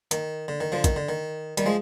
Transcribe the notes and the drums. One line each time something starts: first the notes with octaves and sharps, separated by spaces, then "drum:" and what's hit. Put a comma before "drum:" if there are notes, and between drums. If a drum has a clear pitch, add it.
D#3, drum: hi-hat
D3
D#3
D3 F3
D#3, drum: kick, hi-hat
D3
D#3
D#3 G3, drum: hi-hat
F3 G#3